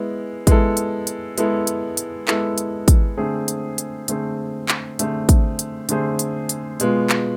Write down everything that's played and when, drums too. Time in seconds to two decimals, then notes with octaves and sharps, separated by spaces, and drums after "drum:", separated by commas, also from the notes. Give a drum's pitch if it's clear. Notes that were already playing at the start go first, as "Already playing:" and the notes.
Already playing: G#3 B3 E4
0.47 G#3 B3 E4 A4, drum: kick, hi-hat
0.77 drum: hi-hat
1.07 drum: hi-hat
1.38 G#3 B3 E4 A4, drum: hi-hat
1.67 drum: hi-hat
1.97 drum: hi-hat
2.28 G#3 B3 E4 A4, drum: clap
2.58 drum: hi-hat
2.88 drum: kick, hi-hat
3.18 D3 A3 C4 G#4 C5
3.48 drum: hi-hat
3.78 drum: hi-hat
4.08 D3 A3 C4 G#4 C5, drum: hi-hat
4.69 drum: clap
4.99 D3 A3 C4 G#4 C5, drum: hi-hat
5.29 drum: kick, hi-hat
5.59 drum: hi-hat
5.89 D3 A3 C4 G#4 C5, drum: hi-hat
6.19 drum: hi-hat
6.49 drum: hi-hat
6.80 B2 G#3 B3 F4, drum: hi-hat
7.10 drum: clap